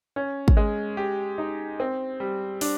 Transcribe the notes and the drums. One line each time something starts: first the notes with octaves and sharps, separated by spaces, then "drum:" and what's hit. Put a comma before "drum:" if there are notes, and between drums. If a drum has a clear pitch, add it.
C#4
drum: kick
G#3
G4
D#4
C4
G3
D4, drum: open hi-hat